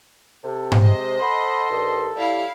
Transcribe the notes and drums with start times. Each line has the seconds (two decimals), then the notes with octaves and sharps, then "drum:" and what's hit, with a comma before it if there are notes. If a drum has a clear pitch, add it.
0.44 C3 A4
0.72 drum: tom G#2
0.81 G#3 C5 D#5
1.21 A4 F#5 B5 C6
1.70 G2 D#3
2.16 A2 G3 E4 F5